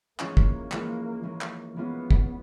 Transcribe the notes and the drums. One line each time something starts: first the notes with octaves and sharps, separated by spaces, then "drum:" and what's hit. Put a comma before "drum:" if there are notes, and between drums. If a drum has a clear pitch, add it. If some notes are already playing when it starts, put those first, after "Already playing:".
E3 G#3 A#3 C#4 F4, drum: clap
drum: kick
E3 G#3 C#4 F4, drum: clap
E3 G#3 C#4 F4
drum: clap
E3 G#3 B3 C#4 F4
drum: kick